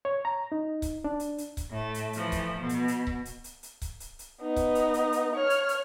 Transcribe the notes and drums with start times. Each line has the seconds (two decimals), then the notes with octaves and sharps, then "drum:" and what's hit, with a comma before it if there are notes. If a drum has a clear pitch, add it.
0.05 C#5
0.25 A#5
0.52 D#4
0.82 drum: kick C#1, hi-hat
1.04 D4
1.20 drum: hi-hat
1.38 drum: hi-hat
1.57 drum: kick C#1, hi-hat
1.69 A2 A3
1.94 drum: hi-hat
2.13 E3 F3 A3, drum: hi-hat
2.32 drum: kick C#1, hi-hat
2.59 B2
2.69 drum: hi-hat
2.88 drum: hi-hat
3.07 drum: kick C#1
3.25 drum: hi-hat
3.44 drum: hi-hat
3.63 drum: hi-hat
3.82 drum: kick C#1, hi-hat
4.00 drum: hi-hat
4.19 drum: hi-hat
4.42 B3 D#4
4.56 drum: kick C#1, hi-hat
4.75 drum: hi-hat
4.94 drum: hi-hat
5.13 drum: hi-hat
5.36 C#5 F6
5.50 drum: hi-hat
5.69 drum: hi-hat